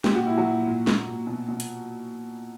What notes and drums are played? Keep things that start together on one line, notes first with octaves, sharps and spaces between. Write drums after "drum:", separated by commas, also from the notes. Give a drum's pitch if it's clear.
A#2 G4, drum: snare
F#4
A#2 E4
F#3 F#4
A#2
A#2
A#2, drum: snare
A#2
B2
B2
drum: hi-hat